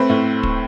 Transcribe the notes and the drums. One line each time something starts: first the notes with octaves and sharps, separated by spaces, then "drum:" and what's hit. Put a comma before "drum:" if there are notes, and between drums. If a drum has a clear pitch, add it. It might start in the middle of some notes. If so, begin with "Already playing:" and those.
Already playing: A3 C4 B4
A2
drum: kick